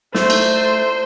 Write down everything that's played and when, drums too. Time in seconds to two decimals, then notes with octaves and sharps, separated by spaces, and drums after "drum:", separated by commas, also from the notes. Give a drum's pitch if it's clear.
0.15 A3 C5, drum: snare
0.30 drum: cymbal